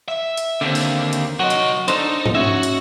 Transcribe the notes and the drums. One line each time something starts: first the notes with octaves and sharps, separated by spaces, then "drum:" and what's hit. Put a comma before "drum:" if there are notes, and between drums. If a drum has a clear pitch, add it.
E5
drum: hi-hat
D#2 D3 C4
drum: open hi-hat
drum: hi-hat
F#3 F#4 D#5
drum: hi-hat
D4 D#4 A4 C5, drum: hi-hat
drum: tom G#2
C#4 F#4 E5
drum: hi-hat